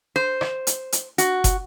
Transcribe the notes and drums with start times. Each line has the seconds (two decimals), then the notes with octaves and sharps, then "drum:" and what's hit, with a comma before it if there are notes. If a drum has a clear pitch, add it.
0.16 C5
0.41 drum: rim click
0.67 drum: hi-hat
0.92 drum: hi-hat
1.18 F#4, drum: hi-hat
1.44 drum: kick, hi-hat